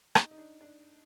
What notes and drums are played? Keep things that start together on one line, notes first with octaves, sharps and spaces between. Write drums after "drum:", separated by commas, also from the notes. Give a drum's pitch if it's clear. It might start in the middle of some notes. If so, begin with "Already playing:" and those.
D#4, drum: rim click
D#4
D4
D4